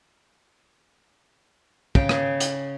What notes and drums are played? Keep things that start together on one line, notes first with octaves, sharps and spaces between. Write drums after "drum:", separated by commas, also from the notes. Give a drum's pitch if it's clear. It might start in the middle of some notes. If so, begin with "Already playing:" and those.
C#3 G5, drum: kick
drum: rim click
drum: hi-hat